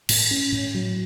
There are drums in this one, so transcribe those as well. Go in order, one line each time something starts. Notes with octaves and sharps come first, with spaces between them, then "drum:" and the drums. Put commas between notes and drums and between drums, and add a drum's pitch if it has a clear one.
A2, drum: cymbal
C#4
A2
F#3